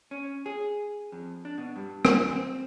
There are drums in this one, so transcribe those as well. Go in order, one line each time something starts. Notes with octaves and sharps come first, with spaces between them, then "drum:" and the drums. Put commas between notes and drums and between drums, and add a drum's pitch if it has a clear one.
C#4
G#4
F2
D4
B2
G2
drum: rim click
C4